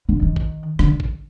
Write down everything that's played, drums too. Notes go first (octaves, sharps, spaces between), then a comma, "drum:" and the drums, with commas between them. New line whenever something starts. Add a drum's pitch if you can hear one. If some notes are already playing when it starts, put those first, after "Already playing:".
D3
D#3
drum: kick
D3, drum: rim click
drum: kick